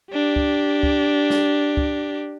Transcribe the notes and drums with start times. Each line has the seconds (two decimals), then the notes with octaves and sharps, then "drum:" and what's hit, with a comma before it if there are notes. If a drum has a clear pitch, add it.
0.13 D4 G4
0.36 drum: kick
0.83 drum: kick
1.30 drum: snare
1.77 drum: kick